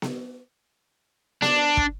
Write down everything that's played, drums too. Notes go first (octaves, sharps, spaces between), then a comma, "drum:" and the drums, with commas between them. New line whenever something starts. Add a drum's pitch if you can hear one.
drum: snare B3
D4, drum: snare B3
drum: kick